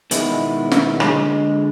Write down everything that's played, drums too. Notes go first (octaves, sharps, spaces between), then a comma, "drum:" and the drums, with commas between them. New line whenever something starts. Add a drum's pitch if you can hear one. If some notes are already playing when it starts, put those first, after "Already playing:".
B2 D#3 G#3 B3 E4, drum: hi-hat
drum: snare
D3 G#3, drum: rim click